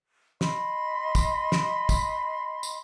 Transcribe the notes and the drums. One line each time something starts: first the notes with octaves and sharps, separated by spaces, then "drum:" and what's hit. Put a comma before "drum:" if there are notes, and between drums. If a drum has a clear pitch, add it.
D#5 B5 C6, drum: snare
drum: kick, tambourine
drum: snare
drum: kick, tambourine
drum: tambourine